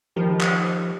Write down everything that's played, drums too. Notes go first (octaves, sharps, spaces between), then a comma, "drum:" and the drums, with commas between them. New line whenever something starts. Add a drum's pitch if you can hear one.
D#3 F3 G3
drum: clap